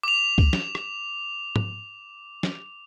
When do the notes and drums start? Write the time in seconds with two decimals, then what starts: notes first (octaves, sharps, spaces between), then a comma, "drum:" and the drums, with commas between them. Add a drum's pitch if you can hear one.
0.03 D6 F7
0.38 drum: kick C#2
0.53 drum: snare
0.75 drum: rim click
1.56 drum: tom
2.43 drum: snare